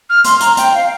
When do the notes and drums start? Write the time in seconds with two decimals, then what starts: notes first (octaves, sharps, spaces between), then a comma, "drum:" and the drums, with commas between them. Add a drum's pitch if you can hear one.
0.09 F6
0.24 C6, drum: hi-hat
0.40 A#5, drum: hi-hat
0.57 G5, drum: hi-hat
0.74 F5